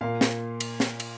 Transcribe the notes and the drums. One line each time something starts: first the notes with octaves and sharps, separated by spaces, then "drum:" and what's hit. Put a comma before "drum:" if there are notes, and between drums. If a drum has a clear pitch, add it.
A#2 A#3 F5
drum: snare
drum: cymbal
drum: snare
drum: cymbal